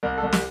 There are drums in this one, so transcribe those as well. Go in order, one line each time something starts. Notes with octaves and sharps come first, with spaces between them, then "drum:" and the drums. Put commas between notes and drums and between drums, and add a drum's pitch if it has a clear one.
C2 A#4
A4
C2
G4, drum: snare